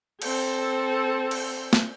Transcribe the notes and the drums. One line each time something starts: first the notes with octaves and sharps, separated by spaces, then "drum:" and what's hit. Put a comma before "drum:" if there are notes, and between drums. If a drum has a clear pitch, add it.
C4 A4, drum: cymbal
drum: cymbal
drum: snare